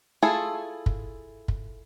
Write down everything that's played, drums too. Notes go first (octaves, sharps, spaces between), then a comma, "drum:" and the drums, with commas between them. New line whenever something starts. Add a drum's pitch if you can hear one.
A3 E4 F4 G#4 A4
drum: kick
drum: kick